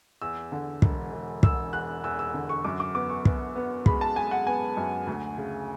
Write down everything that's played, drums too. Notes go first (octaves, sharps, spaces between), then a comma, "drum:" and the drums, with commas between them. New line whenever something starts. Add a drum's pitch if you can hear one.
E2 E6
D3
E1, drum: kick
E1
E1 E6, drum: kick
E2 F#6
E2 E6
E6
D3
C#6
F#2 D6
D6
B3 D6
C#6
B3, drum: kick
B3
G#3 B5, drum: kick
A5
G#3 G#5
F#5
B3 G#5
F#2
D2
C#3